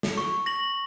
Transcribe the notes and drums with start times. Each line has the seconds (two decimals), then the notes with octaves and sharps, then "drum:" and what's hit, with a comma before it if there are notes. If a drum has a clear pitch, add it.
0.03 drum: snare
0.17 C#6
0.46 A#6 F#7